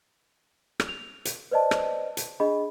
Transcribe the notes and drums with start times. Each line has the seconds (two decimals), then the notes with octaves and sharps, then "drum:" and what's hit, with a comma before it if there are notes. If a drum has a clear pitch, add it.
0.80 drum: rim click
0.89 F7
1.25 drum: hi-hat
1.51 B4 C5 D5 D#5 A5
1.71 drum: rim click
2.17 drum: hi-hat
2.40 D4 G#4 D#5 B5